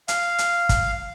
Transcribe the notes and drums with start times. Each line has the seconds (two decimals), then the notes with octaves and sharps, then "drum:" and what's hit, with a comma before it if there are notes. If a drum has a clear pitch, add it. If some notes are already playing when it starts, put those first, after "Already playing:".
0.08 F5, drum: hi-hat
0.38 drum: hi-hat
0.69 drum: kick, hi-hat